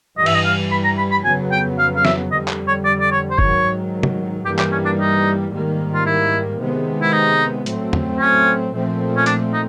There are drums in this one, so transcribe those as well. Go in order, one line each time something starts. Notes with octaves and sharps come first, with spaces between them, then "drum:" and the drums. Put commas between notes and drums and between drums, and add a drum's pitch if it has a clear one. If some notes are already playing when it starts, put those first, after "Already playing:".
G2 E3 G3 D#5
E5, drum: cymbal
D#5
F5
B5
A#5
B5
B5
F2 C#3 F#3 B3 G#5
G5
F5
F5
E5, drum: snare
F2 D3 G3 D#5
drum: clap
C#5
D5
D5
C#5
C5
G#2 D#3 F#3 C#5, drum: kick
drum: tom
G2 E3 G3 A#3 G4
G4, drum: clap
C#4
D4
D#4
G#2 D#3 G3 A#3
F4
E4
C3 D#3 G#3 B3
E4
D#4
A2 F#3 A3 C4, drum: hi-hat
drum: tom
C#4
A#2 F3 A3 C4
C#4
D4, drum: hi-hat
D#4